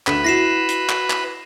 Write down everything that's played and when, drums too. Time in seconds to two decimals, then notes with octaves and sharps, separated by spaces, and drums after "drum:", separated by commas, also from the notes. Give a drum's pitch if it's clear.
0.07 D2 B4 B6 E7, drum: clap
0.24 E4 F#4 A#6 C7 E7
0.69 drum: hi-hat
0.89 drum: clap
1.10 drum: clap